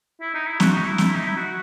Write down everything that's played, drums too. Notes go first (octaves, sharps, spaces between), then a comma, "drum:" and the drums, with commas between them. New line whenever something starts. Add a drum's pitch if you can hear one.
E4
D#4
E4
F#4, drum: snare
D#4
E4
drum: snare
D#4
E4
F#4